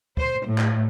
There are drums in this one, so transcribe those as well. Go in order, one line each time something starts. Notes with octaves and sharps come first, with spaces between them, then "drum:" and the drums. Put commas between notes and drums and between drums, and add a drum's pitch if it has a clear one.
C5, drum: kick
A2
drum: clap